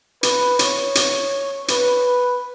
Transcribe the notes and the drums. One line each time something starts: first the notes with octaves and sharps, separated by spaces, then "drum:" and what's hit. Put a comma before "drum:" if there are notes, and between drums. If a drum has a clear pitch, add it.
B4, drum: hi-hat
C#5, drum: hi-hat
drum: hi-hat
B4, drum: hi-hat